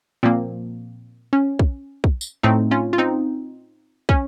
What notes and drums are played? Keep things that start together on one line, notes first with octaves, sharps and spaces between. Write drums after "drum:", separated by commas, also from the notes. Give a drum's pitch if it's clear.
A#2 F3 A#3 C4
C#4
drum: kick
drum: kick
drum: tambourine
A2 A3 C4 D#4
C#4 F4
F4
C4 D#4
C#4, drum: kick